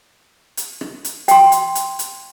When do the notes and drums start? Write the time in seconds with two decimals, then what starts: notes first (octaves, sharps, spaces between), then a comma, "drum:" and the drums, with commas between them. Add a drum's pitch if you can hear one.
0.57 drum: hi-hat
0.81 drum: rim click
1.05 drum: hi-hat
1.28 G5 C6, drum: hi-hat
1.52 drum: hi-hat
1.75 drum: hi-hat
1.99 drum: hi-hat